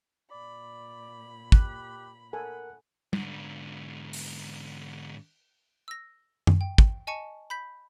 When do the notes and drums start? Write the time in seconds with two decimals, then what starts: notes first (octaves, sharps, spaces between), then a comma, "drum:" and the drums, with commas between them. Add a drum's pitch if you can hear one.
0.31 A#2 D5 B5
1.52 G4 F#6, drum: kick
2.33 A4 A#4 F#5 G#5
3.13 G#2 D3, drum: tom
4.13 drum: open hi-hat
5.88 E6 A#6
6.47 drum: tom F#2
6.61 G5
6.78 drum: kick
7.07 D#5 G#5 A5 C#6 C#7
7.50 B5 G6 B6